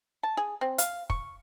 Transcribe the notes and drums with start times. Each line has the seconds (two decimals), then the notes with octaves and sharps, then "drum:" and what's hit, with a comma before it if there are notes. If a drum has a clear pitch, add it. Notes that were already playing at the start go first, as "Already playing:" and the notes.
0.23 A5
0.37 G#4
0.61 C4
0.78 F5, drum: hi-hat
1.10 C#6, drum: kick